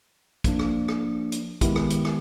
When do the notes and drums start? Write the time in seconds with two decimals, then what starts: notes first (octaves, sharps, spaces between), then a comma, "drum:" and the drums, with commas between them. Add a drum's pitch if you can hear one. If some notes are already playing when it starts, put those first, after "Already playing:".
0.44 F3 A#3 D4, drum: kick, hi-hat
0.59 drum: rim click
0.88 drum: rim click
1.32 drum: hi-hat
1.61 D#3 G#3 B3 E4 G4, drum: kick, hi-hat
1.76 drum: rim click
1.90 drum: hi-hat
2.05 drum: rim click